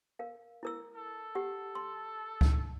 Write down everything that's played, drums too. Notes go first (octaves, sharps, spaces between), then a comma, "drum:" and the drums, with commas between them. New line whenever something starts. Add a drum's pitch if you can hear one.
A#4 F5
E4 A#4 E6
A4
G4 F#5
C6
drum: kick C#2